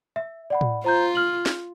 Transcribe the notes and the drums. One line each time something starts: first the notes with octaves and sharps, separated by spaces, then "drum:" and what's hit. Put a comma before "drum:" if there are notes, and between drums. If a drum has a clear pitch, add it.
E5
D5 F#5 B5
drum: tom A2
F4 C5 A#5 G6
F6 F#7
drum: snare